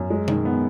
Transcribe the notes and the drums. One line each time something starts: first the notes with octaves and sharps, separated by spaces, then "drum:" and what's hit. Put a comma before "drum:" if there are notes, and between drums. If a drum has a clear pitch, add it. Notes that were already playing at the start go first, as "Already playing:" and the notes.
Already playing: F#2
G#3
D#3, drum: tom B2
B3